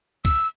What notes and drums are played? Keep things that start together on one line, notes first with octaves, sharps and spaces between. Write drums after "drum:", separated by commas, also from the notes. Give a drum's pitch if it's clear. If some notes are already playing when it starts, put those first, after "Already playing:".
E6, drum: kick, hi-hat